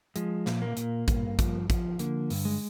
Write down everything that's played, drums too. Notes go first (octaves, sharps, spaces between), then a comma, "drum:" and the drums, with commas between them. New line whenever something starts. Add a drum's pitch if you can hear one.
F3 G#3, drum: hi-hat
A#2, drum: snare
A#3
A#2, drum: hi-hat
G2, drum: kick, hi-hat
F3, drum: kick, hi-hat
F3, drum: kick, hi-hat
D3 A#3, drum: hi-hat
G2, drum: open hi-hat
G#3